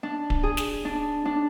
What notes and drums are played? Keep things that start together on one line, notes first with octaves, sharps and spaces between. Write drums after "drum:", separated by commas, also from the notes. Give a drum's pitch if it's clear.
D4
drum: kick D1
G#4
drum: snare
D4
D4